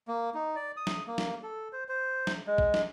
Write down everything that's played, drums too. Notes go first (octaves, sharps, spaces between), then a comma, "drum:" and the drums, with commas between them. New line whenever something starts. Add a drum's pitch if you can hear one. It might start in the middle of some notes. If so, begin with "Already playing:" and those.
A#3
D#4
D5
D#6
drum: snare
A#3
drum: snare
A4
C5
C5
drum: snare
G#3
drum: kick
drum: snare